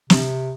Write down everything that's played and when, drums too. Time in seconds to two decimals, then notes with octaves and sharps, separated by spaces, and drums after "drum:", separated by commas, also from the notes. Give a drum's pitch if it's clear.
0.10 C3, drum: snare